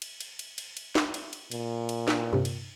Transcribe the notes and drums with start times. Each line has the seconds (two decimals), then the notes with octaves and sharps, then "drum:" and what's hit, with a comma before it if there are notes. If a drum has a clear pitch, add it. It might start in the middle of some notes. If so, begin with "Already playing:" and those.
0.02 drum: cymbal
0.20 drum: cymbal
0.39 drum: cymbal
0.58 drum: cymbal
0.77 drum: cymbal
0.95 drum: snare
1.14 drum: cymbal
1.33 drum: cymbal
1.52 A#2, drum: cymbal
1.89 drum: cymbal
2.08 drum: snare
2.33 G2 C3
2.45 drum: cymbal